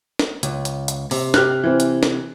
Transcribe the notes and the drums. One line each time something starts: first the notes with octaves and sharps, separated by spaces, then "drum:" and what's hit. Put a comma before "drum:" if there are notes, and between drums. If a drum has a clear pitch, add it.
drum: snare
C#2, drum: hi-hat
drum: hi-hat
drum: hi-hat
C3, drum: open hi-hat
G4 F6 F#6, drum: snare
E3 C4
drum: hi-hat
drum: snare